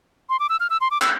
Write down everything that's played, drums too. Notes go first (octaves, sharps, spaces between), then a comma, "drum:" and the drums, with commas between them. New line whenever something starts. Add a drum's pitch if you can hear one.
C6
D6
E6
F6
E6
C6
D6
E6, drum: clap